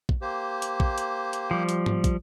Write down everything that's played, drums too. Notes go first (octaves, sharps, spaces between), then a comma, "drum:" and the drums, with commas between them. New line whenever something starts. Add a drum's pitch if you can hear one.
drum: kick
A#3 G4 C5
drum: hi-hat
drum: kick
drum: hi-hat
drum: hi-hat
F3 G3
drum: hi-hat
drum: tom G#2
drum: kick, hi-hat